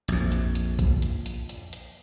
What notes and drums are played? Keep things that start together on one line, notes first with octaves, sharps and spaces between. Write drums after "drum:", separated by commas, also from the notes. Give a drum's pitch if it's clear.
A#1 F2, drum: hi-hat
drum: hi-hat
drum: hi-hat
drum: kick, hi-hat
drum: hi-hat
drum: hi-hat
drum: hi-hat
drum: hi-hat